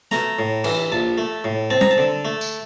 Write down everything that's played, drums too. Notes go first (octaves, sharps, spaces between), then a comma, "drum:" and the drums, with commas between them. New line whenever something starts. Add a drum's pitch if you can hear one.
A3 A#5, drum: snare
A2
E3, drum: cymbal
A#1 A5
A3
A2
C4 A5
A#5, drum: tom
A5
D3
A3
drum: tambourine